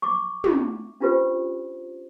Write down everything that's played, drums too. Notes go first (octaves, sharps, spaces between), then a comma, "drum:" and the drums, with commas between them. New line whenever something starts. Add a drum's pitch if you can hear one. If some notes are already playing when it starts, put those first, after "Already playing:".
C#6 D6
drum: tom
C#4 D4 F4 G4 B4 C5